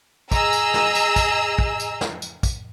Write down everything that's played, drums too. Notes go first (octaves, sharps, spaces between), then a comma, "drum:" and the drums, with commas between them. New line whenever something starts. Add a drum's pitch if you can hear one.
G#4 D#5 A#5 E6, drum: kick, tambourine
drum: tambourine
drum: snare
drum: tambourine
drum: kick, tambourine
drum: kick
drum: tambourine
drum: snare
drum: tambourine
drum: kick, tambourine